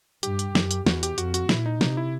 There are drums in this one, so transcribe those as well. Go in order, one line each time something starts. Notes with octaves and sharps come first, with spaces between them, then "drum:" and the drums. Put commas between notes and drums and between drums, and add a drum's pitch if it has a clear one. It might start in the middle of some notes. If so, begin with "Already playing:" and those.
G2 G4, drum: hi-hat
drum: hi-hat
F#2, drum: snare
drum: hi-hat
E2 F#4, drum: snare
G4, drum: hi-hat
F2 F#4, drum: hi-hat
F#4, drum: hi-hat
A#2 E4, drum: snare
D#4
C3 D#4, drum: snare
E4